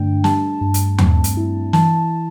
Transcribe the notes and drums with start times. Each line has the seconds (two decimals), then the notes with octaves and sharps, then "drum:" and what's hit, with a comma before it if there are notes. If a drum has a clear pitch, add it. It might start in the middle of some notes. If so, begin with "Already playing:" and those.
Already playing: G2 D3 A3 D4 G5
0.24 G3 A5, drum: snare
0.61 G2
0.74 drum: hi-hat
0.98 C4, drum: tom
1.24 drum: hi-hat
1.37 E4
1.73 E3 A5, drum: snare